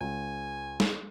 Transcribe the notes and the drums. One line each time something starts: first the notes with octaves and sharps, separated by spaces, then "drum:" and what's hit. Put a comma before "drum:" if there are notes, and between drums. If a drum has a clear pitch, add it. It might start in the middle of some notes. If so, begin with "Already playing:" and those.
C#2 G#5
drum: snare